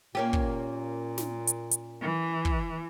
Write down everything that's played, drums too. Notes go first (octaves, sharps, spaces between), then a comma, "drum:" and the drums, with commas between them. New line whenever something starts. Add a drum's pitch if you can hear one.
A#2 A#3 C#4 G4
drum: kick
drum: snare
drum: hi-hat
drum: hi-hat
E3
drum: kick